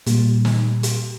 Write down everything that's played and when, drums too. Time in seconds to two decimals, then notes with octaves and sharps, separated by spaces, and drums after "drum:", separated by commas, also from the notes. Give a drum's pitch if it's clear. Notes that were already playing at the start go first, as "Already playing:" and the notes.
0.06 A#2 G3, drum: hi-hat
0.45 drum: snare
0.83 drum: hi-hat